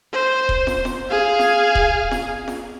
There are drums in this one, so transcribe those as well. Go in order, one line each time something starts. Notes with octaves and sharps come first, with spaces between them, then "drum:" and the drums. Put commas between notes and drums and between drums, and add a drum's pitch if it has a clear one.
C5
drum: kick D#1
drum: snare
drum: snare
G#4 F5
drum: snare
drum: kick D#1
drum: snare
drum: snare